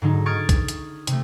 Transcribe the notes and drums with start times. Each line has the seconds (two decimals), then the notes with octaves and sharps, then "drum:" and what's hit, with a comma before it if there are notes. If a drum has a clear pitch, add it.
0.02 G#2 D3 F#3 D#4
0.26 C#6 D#6 F6 G#6 A6 D7
0.49 drum: kick B1, hi-hat
0.68 drum: hi-hat
1.07 C3 A3, drum: hi-hat